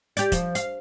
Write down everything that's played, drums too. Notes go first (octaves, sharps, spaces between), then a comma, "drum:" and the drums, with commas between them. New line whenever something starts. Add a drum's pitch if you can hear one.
G4 D5, drum: hi-hat
F3, drum: kick, hi-hat
F5, drum: hi-hat